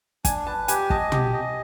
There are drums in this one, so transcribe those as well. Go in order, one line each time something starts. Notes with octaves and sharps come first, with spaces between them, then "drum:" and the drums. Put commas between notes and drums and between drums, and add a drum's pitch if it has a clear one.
D4 G#5, drum: kick, hi-hat
B4 A5
G4 G#5, drum: hi-hat
D#5 A5, drum: kick
G4 A5, drum: tom
D#5